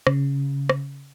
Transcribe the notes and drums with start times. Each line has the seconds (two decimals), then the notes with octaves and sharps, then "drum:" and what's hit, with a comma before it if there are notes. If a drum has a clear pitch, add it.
0.07 C#3, drum: rim click
0.69 drum: rim click